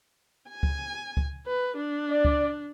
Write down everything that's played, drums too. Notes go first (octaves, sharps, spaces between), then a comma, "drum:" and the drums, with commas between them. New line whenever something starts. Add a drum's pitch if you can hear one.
G#5
drum: kick C#2
drum: kick C#2
B4
D4
D5
drum: kick C#2